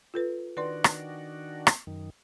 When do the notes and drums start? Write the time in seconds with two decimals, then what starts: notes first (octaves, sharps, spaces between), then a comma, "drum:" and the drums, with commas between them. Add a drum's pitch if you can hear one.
0.14 F4 A4 B4
0.57 D#3 D4 F#4 B4 D5 C6
0.84 drum: rim click
1.67 drum: rim click
1.87 F#2 D#3